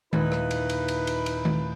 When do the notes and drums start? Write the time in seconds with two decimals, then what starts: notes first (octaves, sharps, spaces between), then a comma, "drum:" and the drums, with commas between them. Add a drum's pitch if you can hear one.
0.13 D#2 A#2 D#4 E4 B4, drum: tom D#3
0.32 drum: rim click
0.51 drum: cymbal
0.69 drum: cymbal
0.88 drum: cymbal
1.07 drum: cymbal
1.26 drum: cymbal
1.45 drum: tom D#3